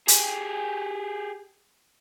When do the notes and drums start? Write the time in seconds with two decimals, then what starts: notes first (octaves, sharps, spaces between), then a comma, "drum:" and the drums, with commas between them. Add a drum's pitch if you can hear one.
0.08 G4 G#4, drum: hi-hat